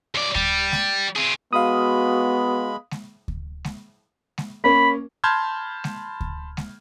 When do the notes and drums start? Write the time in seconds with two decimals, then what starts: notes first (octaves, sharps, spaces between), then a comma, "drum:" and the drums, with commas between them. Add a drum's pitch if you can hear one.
0.15 F#2 D5
0.35 G3, drum: kick D2
0.72 drum: snare G#3
1.16 C4 G#4
1.53 G#3 B3 F#4 F5 B5 D#6
2.91 drum: snare G#3
3.28 drum: kick D2
3.64 drum: snare G#3
4.38 drum: snare G#3
4.64 A#3 C#4 B5
5.24 A5 B5 C6 F6 G6 G#6
5.84 drum: snare G#3
6.20 drum: kick D2
6.57 drum: snare G#3